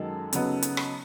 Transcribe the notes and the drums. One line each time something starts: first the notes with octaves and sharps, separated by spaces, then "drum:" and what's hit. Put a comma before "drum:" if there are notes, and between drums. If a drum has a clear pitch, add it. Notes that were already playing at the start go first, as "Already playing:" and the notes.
Already playing: F#2 D#3 G#3 A4 A5
C#3 F#3 B3 D#4, drum: hi-hat
drum: hi-hat
drum: rim click